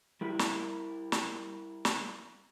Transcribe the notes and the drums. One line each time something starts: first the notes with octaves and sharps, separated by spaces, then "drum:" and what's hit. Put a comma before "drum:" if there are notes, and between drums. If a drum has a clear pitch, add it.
G3 E4 A#4
drum: snare
drum: snare
drum: snare